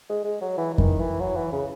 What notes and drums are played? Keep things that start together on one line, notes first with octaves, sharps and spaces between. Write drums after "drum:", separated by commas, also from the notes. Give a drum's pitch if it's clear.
G#3
G#3
F#3
E3
E3
D#3, drum: kick F2
E3
F#3
E3
C#3